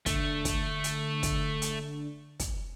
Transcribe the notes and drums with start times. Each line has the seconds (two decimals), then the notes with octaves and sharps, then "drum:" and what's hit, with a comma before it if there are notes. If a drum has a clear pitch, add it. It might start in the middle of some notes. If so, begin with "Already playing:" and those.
0.06 D3 A3, drum: kick, hi-hat
0.45 drum: kick, hi-hat
0.84 drum: hi-hat
1.23 drum: kick, hi-hat
1.62 drum: hi-hat
2.40 drum: kick, hi-hat